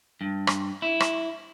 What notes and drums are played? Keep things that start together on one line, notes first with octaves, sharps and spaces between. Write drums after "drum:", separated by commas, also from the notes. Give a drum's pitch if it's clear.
G2
drum: rim click
E4
drum: rim click